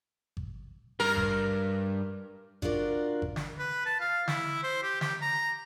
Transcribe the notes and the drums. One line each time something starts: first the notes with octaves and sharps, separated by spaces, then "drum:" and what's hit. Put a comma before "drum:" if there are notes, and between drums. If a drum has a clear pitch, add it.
drum: kick G#1
G2 A#4
drum: kick G#1
D4 F4 F#4 A#4 D5, drum: kick G#1
drum: kick G#1
drum: snare
B4
A5
F5
E4, drum: snare
C5
G4
G4, drum: snare
A#5